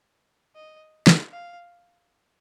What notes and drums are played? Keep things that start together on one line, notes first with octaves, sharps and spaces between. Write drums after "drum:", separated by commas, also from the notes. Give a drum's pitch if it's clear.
D#5
drum: snare
F5